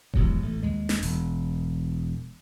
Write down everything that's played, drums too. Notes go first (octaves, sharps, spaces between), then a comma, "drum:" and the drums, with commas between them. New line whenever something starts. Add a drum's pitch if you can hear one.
G#1 E2 C3 F#3, drum: kick D#1
A1 A3
D#2 G#3
drum: snare
E1, drum: open hi-hat